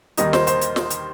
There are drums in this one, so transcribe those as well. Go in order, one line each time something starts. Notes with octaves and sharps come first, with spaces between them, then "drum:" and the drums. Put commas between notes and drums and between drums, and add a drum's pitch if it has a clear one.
D#2 D#3 G3 A#3 D#4 D#5, drum: hi-hat
C5, drum: snare
C5, drum: hi-hat
drum: hi-hat
drum: snare
drum: hi-hat